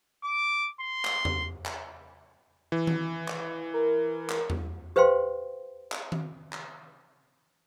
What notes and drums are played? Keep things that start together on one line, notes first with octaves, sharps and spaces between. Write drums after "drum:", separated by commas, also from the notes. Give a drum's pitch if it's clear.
D6
C6
drum: clap
drum: tom E2
drum: clap
E3
drum: tom D#3
drum: clap
A#4
drum: clap
drum: tom E2
G4 B4 C5 F5 G5 C6
drum: clap
drum: tom D#3
drum: clap